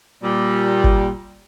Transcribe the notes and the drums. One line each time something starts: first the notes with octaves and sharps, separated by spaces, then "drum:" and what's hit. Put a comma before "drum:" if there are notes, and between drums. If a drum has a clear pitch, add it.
A#2 G3
drum: kick G1